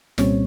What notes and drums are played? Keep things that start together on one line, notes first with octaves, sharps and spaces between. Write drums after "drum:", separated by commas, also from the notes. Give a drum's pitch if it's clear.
C2 A#2 G3 C4 C#4 C#5, drum: snare